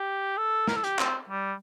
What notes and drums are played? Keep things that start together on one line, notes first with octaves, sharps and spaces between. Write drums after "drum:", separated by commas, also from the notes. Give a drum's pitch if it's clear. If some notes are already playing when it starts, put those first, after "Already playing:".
Already playing: G4
A4
A#4, drum: snare
A4
G4, drum: hi-hat
C4, drum: clap
G3